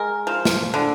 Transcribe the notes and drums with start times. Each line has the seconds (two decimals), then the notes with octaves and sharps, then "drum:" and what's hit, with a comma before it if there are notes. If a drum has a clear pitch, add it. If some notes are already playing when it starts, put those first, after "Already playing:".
Already playing: G#3 A#4
0.27 F3
0.45 drum: snare
0.74 D3